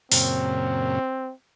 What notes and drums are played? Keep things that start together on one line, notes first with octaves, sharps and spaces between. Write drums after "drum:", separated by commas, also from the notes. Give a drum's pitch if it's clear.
F#2 A#2 C#3 C4, drum: open hi-hat